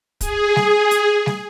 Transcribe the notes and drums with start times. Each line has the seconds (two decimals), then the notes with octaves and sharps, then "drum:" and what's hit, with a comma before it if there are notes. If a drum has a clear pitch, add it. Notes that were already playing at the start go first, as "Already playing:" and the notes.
0.21 G#4, drum: kick, hi-hat
0.56 drum: snare G3
0.91 drum: hi-hat
1.26 drum: snare G3